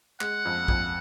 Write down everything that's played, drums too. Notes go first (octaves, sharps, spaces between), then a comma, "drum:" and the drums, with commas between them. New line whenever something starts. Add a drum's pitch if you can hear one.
G#3 F#5, drum: clap
F2
F2, drum: kick A#1